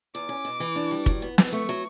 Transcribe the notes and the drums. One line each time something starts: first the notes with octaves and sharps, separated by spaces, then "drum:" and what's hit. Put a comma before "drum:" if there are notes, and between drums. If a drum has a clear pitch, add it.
E2 D6
C#4
B2
E3
D4
G3
F#3, drum: kick
B3
B3, drum: snare
A3 C#6
F#3